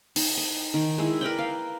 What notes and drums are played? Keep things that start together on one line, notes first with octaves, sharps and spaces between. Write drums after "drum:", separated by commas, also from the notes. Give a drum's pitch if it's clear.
D#4, drum: open hi-hat
D#5
D#3
G#3 E4
A#4 B4 D5 G5
F5